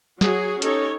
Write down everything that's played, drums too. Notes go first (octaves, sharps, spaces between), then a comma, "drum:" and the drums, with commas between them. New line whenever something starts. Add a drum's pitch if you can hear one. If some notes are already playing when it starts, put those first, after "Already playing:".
F#3 F#4 G#4, drum: snare
C#4 D#4 G4 A4 C#5, drum: hi-hat